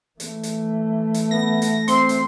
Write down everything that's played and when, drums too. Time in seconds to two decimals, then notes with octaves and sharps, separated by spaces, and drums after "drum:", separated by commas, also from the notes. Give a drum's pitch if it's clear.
0.20 E3 A3, drum: hi-hat
0.43 drum: hi-hat
1.14 drum: hi-hat
1.31 B3 A#6
1.62 drum: hi-hat
1.88 C4 C6, drum: hi-hat
2.09 drum: hi-hat